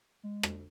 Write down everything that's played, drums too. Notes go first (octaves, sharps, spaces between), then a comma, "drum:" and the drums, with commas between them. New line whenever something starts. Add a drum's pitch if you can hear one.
G#3
drum: rim click